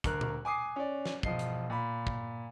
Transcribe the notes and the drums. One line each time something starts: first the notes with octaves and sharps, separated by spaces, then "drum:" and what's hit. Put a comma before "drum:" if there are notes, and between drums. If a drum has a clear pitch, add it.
D2 A#4 F#6, drum: kick, hi-hat
drum: tom A#2
G#5 D6 D#6 C7
C#4 D5
drum: snare
E1 F3 D#5 C7, drum: kick
drum: hi-hat
A#2 B5
drum: kick